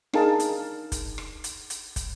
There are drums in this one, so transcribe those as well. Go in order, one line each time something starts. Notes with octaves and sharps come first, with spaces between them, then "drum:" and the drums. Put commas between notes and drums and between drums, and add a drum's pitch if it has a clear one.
D4 D#4 G#4 A#4 F5 A5, drum: rim click
drum: hi-hat
drum: kick, hi-hat
drum: rim click
drum: hi-hat
drum: hi-hat
drum: kick, hi-hat